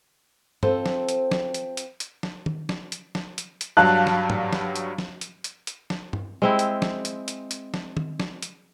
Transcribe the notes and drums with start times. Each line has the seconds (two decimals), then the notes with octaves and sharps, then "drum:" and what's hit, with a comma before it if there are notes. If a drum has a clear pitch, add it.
0.63 C4 F4 A4 C5, drum: tom G2
0.86 drum: snare
1.09 drum: hi-hat
1.31 drum: snare
1.54 drum: hi-hat
1.77 drum: hi-hat
2.00 drum: hi-hat
2.23 drum: snare
2.46 drum: tom D#3
2.69 drum: snare
2.92 drum: hi-hat
3.15 drum: snare
3.38 drum: hi-hat
3.61 drum: hi-hat
3.77 G2 F#3 G3 F5 A5 F#6
4.07 drum: snare
4.30 drum: tom
4.53 drum: snare
4.76 drum: hi-hat
4.98 drum: snare
5.21 drum: hi-hat
5.44 drum: hi-hat
5.67 drum: hi-hat
5.90 drum: snare
6.13 drum: tom G2
6.42 G#3 C4 E4
6.59 drum: hi-hat
6.82 drum: snare
7.05 drum: hi-hat
7.28 drum: hi-hat
7.51 drum: hi-hat
7.74 drum: snare
7.97 drum: tom D#3
8.20 drum: snare
8.42 drum: hi-hat